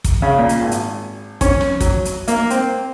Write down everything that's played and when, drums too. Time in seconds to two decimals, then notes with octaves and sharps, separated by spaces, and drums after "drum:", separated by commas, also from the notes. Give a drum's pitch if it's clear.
0.04 drum: kick, hi-hat
0.22 C#3
0.38 A#2
0.49 drum: hi-hat
0.61 G#1
0.71 drum: hi-hat
1.41 C#4, drum: kick, hi-hat
1.61 drum: snare
1.80 F#3, drum: kick, hi-hat
2.05 drum: hi-hat
2.28 A#3, drum: hi-hat
2.50 C4, drum: hi-hat